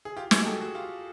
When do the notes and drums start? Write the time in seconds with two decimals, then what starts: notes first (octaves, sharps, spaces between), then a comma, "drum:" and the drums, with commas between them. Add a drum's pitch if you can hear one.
0.05 G#4
0.17 F4 G4
0.31 F#4 G#4, drum: snare
0.46 G4 A4
0.60 F#4 G#4
0.75 F4 G4